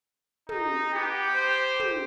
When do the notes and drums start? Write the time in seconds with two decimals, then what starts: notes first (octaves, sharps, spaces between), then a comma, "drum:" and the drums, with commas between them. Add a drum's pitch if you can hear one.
0.49 D#4, drum: tom
0.94 B3 G4
1.35 C5
1.80 drum: tom